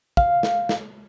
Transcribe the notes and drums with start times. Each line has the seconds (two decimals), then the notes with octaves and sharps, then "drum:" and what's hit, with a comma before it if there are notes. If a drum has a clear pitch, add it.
0.17 F5, drum: kick
0.43 drum: snare
0.69 drum: snare